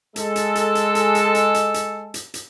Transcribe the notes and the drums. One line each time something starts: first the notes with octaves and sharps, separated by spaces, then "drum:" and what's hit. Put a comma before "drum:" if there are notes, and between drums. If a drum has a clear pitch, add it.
G#3 A4, drum: hi-hat
drum: hi-hat
drum: hi-hat
drum: hi-hat
drum: hi-hat
drum: hi-hat
drum: hi-hat
drum: hi-hat
drum: hi-hat
drum: hi-hat
drum: hi-hat